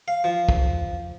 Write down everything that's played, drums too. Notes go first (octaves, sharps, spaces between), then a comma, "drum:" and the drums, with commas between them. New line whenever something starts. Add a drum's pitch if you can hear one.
F5
F3
drum: kick